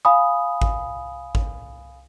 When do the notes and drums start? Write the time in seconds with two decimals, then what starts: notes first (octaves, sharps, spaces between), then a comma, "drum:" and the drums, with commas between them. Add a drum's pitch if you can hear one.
0.05 F5 G#5 B5 D#6
0.62 drum: kick G#1
1.35 drum: kick G#1